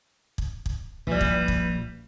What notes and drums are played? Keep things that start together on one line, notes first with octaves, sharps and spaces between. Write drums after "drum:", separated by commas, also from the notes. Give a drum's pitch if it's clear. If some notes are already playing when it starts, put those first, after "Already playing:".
drum: kick
drum: kick
A#1 E3 G3
drum: kick
drum: kick